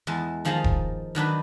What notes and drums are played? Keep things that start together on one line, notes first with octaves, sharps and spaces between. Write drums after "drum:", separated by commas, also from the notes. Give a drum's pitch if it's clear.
E2 G#3 A5
D#3 F3 G#4 D#5 A5 A#5
drum: kick E1
D#3 F#3 D4 B4